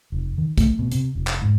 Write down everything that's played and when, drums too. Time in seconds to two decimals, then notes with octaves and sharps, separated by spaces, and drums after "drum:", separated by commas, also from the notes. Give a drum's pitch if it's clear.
0.12 F1
0.38 D#3
0.58 A3, drum: kick, hi-hat
0.79 B2
0.92 C3, drum: hi-hat
1.15 F1
1.27 drum: clap
1.42 G#2